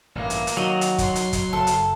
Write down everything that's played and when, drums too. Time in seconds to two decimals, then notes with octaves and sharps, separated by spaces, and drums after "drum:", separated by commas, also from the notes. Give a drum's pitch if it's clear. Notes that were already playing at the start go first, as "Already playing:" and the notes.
0.15 A1 G2 A#3
0.30 drum: hi-hat
0.47 drum: hi-hat
0.57 D#3 F#3 F#4 D#5
0.81 drum: hi-hat
0.98 C#5 C6, drum: kick, hi-hat
1.16 drum: hi-hat
1.33 drum: kick, hi-hat
1.53 F#1 A4
1.67 drum: hi-hat